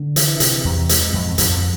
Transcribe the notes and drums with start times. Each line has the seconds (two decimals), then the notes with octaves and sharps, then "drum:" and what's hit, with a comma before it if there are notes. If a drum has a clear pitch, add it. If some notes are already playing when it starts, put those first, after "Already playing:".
Already playing: D3
0.16 E3, drum: hi-hat
0.40 C3, drum: hi-hat
0.65 E2
0.89 G#3, drum: hi-hat
1.13 F2
1.38 F2, drum: hi-hat